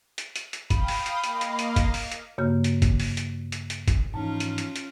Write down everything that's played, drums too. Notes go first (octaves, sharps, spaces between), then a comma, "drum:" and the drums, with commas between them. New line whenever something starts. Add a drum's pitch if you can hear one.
drum: hi-hat
drum: hi-hat
drum: hi-hat
F5 G5 B5 D#6, drum: kick, hi-hat
drum: open hi-hat
drum: hi-hat
A#3 D#5 F5, drum: hi-hat
drum: hi-hat
drum: hi-hat
drum: kick, hi-hat
drum: open hi-hat
drum: hi-hat
G2 C#3 A#3 F#4 G6
drum: hi-hat
drum: kick, hi-hat
drum: open hi-hat
drum: hi-hat
drum: hi-hat
drum: hi-hat
drum: kick, hi-hat
G#2 E3 F3 C#4 D#4 F4 A5
drum: hi-hat
drum: hi-hat
drum: hi-hat